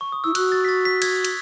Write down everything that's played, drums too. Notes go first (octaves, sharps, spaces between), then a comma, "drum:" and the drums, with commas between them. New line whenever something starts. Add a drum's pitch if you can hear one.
C#6
D#6
E4 E6
F#4 F#6, drum: cymbal
A6
B6
A6
B6
G#6, drum: cymbal
drum: cymbal